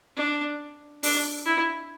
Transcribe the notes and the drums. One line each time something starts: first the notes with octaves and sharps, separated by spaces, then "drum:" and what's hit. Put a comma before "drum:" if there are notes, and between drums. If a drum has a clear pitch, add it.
D4
D4, drum: open hi-hat
E4